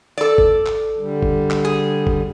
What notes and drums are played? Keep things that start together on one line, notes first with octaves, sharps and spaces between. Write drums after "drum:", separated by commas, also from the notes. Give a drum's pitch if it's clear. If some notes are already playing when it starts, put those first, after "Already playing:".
A4 D5
drum: kick A1
drum: clap
D3 G3
drum: kick A1
drum: clap
G#4
drum: kick A1